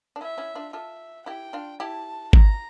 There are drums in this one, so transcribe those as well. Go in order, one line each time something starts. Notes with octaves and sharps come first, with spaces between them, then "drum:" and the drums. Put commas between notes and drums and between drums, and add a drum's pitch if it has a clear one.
D4
C#4 E4 E5
C#4 E4
D4 F4
F4 A4 E5
E4 G4 G5
D4 F4
E4 G4 A5
A#5, drum: kick G#1